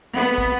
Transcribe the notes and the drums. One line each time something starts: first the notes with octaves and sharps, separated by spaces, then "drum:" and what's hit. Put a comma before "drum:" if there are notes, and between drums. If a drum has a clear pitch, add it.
B3
drum: kick